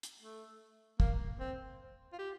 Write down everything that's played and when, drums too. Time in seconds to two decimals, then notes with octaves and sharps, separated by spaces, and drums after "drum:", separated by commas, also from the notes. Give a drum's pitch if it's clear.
0.03 drum: hi-hat
0.20 A3
1.00 A#3, drum: kick
1.40 C4
2.13 F4
2.19 G4